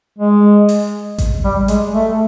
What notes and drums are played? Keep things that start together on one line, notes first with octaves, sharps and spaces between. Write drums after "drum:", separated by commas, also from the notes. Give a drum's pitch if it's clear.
G#3
drum: open hi-hat
drum: kick A1, hi-hat
G3
G#3, drum: hi-hat
A3